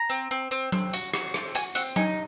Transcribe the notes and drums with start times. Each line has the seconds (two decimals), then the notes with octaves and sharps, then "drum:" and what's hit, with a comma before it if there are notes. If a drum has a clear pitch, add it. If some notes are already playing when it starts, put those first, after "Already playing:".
Already playing: A#5
0.10 C4
0.31 C4
0.51 C4
0.72 C4, drum: tom F#3
0.93 F#4, drum: hi-hat
1.13 F#4, drum: rim click
1.34 C4, drum: rim click
1.55 F#4 G#5, drum: hi-hat
1.75 C4 F#5, drum: hi-hat
1.96 D#4 G#5, drum: tom F#3